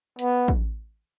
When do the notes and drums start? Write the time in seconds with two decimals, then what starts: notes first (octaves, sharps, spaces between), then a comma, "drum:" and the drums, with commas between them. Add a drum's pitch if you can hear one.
0.19 B3, drum: hi-hat
0.48 drum: kick